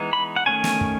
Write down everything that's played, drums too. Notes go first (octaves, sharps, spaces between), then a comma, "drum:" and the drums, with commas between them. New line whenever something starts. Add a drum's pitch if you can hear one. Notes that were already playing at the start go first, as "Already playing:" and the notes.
Already playing: E3 G#3 B3 D#4
B5
F#5
D#3 A3 C#4 G#5
drum: snare
drum: kick